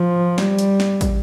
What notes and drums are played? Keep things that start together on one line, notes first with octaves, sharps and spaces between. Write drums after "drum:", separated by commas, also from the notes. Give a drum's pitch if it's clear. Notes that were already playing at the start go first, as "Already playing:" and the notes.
Already playing: F3
G3, drum: snare
drum: hi-hat
drum: snare
drum: kick, hi-hat